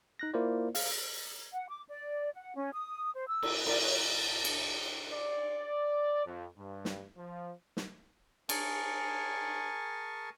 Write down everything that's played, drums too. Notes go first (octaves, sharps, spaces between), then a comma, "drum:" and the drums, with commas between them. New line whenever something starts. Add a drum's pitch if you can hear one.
D#4 F#6 A#6
A#3 E4 F4 A#4 C5 D5
F5, drum: open hi-hat
F#5
D6
D5
F#5
C#4
D#6
C5
E6
drum: cymbal
D5, drum: cymbal
C#5
drum: cymbal
D5
F2
G2
drum: snare
F3
drum: snare
G#4 A#4 G#5 A5 C#6, drum: cymbal